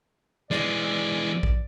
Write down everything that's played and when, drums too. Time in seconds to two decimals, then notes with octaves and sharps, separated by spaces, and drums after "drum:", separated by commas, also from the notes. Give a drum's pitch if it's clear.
0.51 E3 G#3 D5, drum: snare
1.43 drum: kick A#1